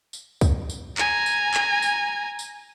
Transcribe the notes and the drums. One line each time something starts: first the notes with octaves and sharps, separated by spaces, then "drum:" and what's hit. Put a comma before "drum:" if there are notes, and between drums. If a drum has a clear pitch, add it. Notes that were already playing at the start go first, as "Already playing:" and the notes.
drum: tambourine
drum: kick, tambourine
drum: tambourine
G#5 A#5, drum: clap
drum: tambourine
drum: clap
drum: tambourine
drum: tambourine